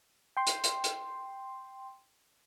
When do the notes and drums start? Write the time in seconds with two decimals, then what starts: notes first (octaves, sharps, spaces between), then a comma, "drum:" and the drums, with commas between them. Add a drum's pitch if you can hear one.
0.37 G5 C6
0.47 drum: hi-hat
0.64 drum: hi-hat
0.84 drum: hi-hat